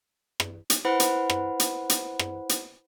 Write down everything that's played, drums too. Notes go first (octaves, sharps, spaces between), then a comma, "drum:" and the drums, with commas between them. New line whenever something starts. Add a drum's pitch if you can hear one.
drum: rim click
drum: hi-hat
E4 B4 C5 F#5 B5
drum: hi-hat
drum: rim click
drum: hi-hat
drum: hi-hat
drum: rim click
drum: hi-hat